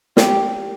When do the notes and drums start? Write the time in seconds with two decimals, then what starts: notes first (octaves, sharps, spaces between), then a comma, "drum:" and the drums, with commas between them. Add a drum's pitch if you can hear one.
0.17 G4, drum: snare